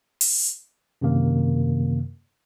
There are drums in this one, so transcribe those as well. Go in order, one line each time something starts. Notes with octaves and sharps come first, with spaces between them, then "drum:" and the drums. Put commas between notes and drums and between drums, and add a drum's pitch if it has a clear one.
drum: open hi-hat
F#2 C3 D#3 A#3